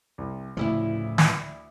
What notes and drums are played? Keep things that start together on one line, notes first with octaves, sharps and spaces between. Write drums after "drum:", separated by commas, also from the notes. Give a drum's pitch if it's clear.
C2
D2 A2 C#3 F3 E4
drum: snare